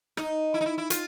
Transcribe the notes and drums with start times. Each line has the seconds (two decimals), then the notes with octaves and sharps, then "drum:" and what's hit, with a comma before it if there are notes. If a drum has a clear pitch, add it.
0.17 D#4, drum: rim click
0.54 E4
0.61 D#4
0.66 E4
0.78 E4
0.90 F4, drum: hi-hat